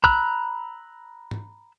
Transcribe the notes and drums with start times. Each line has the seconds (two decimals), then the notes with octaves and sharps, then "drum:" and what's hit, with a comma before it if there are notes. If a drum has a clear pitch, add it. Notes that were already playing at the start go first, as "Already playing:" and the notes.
0.04 A#5 B5 E6 F#6, drum: kick
1.31 drum: tom